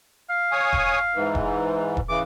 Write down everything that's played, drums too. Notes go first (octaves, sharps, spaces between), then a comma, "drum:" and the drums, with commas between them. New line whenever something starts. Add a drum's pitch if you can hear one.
F5
C#5 G#5 D#6
drum: kick E1
G#2 E3
drum: kick E1
drum: kick E1
C#3 E3 D6